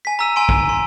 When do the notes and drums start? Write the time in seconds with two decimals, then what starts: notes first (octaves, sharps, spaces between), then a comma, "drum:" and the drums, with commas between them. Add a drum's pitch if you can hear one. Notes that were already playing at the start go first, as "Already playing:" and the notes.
0.05 G#5 B6
0.19 A#5 E6 D#7
0.36 G#5 C6 D7
0.49 drum: kick
0.69 C6